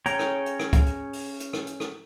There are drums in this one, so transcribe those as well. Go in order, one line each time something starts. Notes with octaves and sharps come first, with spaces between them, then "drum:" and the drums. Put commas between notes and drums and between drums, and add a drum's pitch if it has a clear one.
C#4 G#4 C#5 G5 A#5, drum: hi-hat
drum: rim click
drum: hi-hat
drum: rim click
drum: kick, hi-hat
drum: hi-hat
drum: open hi-hat
drum: hi-hat
drum: rim click
drum: hi-hat
drum: rim click